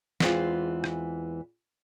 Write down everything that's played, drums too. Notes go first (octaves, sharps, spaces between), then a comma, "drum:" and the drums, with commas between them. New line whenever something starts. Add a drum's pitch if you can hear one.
E2 E3 G#3 C4 F4, drum: snare
drum: rim click